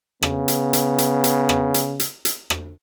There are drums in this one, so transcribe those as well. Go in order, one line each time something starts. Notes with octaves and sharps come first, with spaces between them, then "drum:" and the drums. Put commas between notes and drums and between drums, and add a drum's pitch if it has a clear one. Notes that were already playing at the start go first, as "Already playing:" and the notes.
C#3 B3, drum: rim click
drum: hi-hat
drum: hi-hat
drum: hi-hat
drum: hi-hat
drum: rim click
drum: hi-hat
drum: hi-hat
drum: hi-hat
drum: rim click